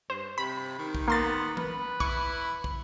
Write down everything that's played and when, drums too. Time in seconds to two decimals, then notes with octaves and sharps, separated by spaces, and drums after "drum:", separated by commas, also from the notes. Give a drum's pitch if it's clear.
0.10 G2 C5
0.38 C3 B5
0.79 D#3
0.95 drum: kick
1.08 A#3 B3 C6 A6
1.57 B4, drum: tom E3
2.00 E4 C#6, drum: kick
2.64 drum: kick